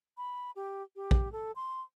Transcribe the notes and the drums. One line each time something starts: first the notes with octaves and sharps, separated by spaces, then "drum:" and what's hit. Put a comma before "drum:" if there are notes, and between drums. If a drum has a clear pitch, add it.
B5
G4
G4
drum: kick
A4
C6